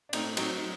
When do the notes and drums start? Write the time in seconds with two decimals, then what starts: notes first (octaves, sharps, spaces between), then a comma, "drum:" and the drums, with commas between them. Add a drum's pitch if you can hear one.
0.09 D4
0.13 A2 C4 D#4, drum: cymbal
0.37 F#3 C4 D#4, drum: cymbal
0.57 D#4